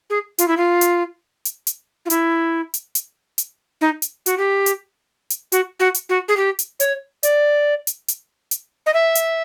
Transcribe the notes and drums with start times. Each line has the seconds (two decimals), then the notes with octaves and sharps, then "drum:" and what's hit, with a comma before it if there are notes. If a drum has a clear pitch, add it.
0.10 G#4
0.38 F4, drum: hi-hat
0.48 E4
0.57 F4
0.81 drum: hi-hat
1.45 drum: hi-hat
1.67 drum: hi-hat
2.06 F4
2.10 E4, drum: hi-hat
2.74 drum: hi-hat
2.95 drum: hi-hat
3.38 drum: hi-hat
3.81 D#4
4.02 drum: hi-hat
4.26 F#4, drum: hi-hat
4.38 G4
4.66 drum: hi-hat
5.30 drum: hi-hat
5.52 F#4, drum: hi-hat
5.80 F#4
5.94 drum: hi-hat
6.09 F#4
6.28 G#4
6.37 G4
6.59 drum: hi-hat
6.80 C#5, drum: hi-hat
7.23 D5, drum: hi-hat
7.87 drum: hi-hat
8.08 drum: hi-hat
8.51 drum: hi-hat
8.86 D#5
8.94 E5
9.15 drum: hi-hat